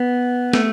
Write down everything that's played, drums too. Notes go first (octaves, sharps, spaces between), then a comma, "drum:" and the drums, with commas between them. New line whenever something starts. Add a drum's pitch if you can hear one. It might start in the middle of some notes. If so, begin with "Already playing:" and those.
Already playing: B3
A3, drum: snare